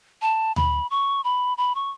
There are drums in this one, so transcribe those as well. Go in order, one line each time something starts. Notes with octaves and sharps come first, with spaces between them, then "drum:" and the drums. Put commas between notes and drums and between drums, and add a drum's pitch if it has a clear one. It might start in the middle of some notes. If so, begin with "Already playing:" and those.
A5
B5, drum: tom D2
C#6
B5
B5
C#6